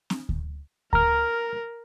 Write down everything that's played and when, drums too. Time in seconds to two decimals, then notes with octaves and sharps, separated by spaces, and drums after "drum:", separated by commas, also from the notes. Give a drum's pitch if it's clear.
0.10 drum: snare C4
0.29 drum: kick D2
0.93 A#4 A#5 F6, drum: kick D2